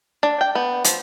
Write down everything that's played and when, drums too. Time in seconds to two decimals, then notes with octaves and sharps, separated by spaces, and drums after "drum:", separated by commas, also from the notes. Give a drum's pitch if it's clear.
0.23 D4
0.41 G5
0.55 B3
0.84 F3, drum: hi-hat